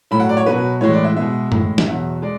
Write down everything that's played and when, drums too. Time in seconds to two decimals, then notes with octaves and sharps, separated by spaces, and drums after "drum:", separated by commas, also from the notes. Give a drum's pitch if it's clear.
0.11 A2 F#3 B5
0.20 F#5
0.29 D5
0.37 C#5
0.46 B2 F#3 B4
0.81 A2 E3 G#3 C#5
0.93 D5
1.04 E5
1.16 B2 G#3 E5
1.52 A2 G#3, drum: tom F#2
1.78 drum: snare
1.87 E2 B2 F#3 E5
2.22 G#3 D5